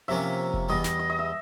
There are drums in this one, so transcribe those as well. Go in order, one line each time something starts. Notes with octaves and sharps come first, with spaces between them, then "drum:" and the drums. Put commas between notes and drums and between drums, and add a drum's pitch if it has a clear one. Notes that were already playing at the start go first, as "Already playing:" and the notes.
C3 F3 A#3 C#4 E5
drum: kick F1
E2 B2 G3 D#5
drum: snare
D#5
D#5
E5